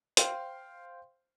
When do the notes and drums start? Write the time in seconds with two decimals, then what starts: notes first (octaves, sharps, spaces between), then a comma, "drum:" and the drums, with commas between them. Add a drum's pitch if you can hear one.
0.17 C5 F5 G5 C6, drum: hi-hat